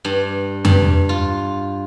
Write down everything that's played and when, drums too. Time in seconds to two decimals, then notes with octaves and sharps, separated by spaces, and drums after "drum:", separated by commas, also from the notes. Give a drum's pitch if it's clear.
0.05 G2
0.65 G2, drum: tom F2
1.09 F4